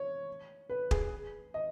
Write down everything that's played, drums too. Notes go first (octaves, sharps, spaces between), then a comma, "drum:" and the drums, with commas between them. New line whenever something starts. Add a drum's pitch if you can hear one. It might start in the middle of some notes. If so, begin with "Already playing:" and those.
Already playing: C#5
B4
G#4, drum: kick
D#5